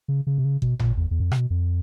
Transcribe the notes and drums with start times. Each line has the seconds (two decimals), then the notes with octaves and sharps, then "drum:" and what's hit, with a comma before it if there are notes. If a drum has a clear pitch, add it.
0.08 C#3
0.27 C#3
0.38 C3
0.45 C#3
0.62 B2, drum: kick G1
0.79 A#2, drum: tom G#1
0.97 E2
1.11 E2
1.20 F#2
1.23 F2
1.32 C3, drum: rim click
1.37 B2
1.50 F2